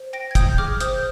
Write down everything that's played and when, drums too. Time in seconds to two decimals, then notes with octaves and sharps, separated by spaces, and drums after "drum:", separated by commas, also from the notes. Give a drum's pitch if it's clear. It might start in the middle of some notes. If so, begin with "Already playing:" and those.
Already playing: C5
0.13 G5 A#6 D7
0.31 G#6
0.35 G5 D#6 G6, drum: kick, hi-hat
0.58 G#4 D6 F6
0.80 C5 D#6 G6, drum: hi-hat